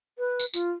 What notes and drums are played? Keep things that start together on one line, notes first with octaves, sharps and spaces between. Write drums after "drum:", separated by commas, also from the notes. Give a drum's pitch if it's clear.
B4
drum: tambourine
F4, drum: tambourine